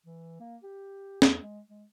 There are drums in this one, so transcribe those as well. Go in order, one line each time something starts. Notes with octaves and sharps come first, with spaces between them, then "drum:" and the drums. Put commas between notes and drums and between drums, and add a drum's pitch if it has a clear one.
E3
A#3
G4
E2, drum: snare
G#3
G#3